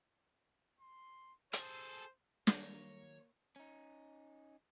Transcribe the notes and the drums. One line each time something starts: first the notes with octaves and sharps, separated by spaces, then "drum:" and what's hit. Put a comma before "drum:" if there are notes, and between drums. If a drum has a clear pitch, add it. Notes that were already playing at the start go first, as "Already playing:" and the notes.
C6
G#4 A4 C5, drum: hi-hat
D#3 F#3 G3 A#3 C#5 A#6, drum: snare
C#4 D#4